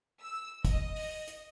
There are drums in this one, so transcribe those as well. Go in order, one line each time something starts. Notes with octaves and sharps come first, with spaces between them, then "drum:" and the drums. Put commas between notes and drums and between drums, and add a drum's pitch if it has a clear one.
E6
D#5, drum: kick, hi-hat
drum: open hi-hat
drum: hi-hat